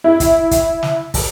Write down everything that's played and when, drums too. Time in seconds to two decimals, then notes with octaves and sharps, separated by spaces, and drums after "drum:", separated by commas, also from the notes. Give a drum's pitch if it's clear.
0.04 E4
0.20 drum: kick, hi-hat
0.51 drum: kick, hi-hat
0.83 drum: snare
1.14 drum: kick, open hi-hat